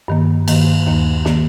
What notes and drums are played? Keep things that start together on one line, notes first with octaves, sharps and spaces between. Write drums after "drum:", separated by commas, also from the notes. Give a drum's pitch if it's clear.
G2 D#3 A#3
G2 D#3 A#3, drum: cymbal
D#2 D#3 A#3
D#3 A#3, drum: snare